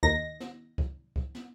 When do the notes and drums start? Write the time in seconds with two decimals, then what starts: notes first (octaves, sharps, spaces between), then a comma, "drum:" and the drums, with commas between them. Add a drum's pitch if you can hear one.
0.03 D#2 D#4 A#6, drum: kick
0.40 drum: snare
0.78 drum: kick
1.16 drum: kick
1.35 drum: snare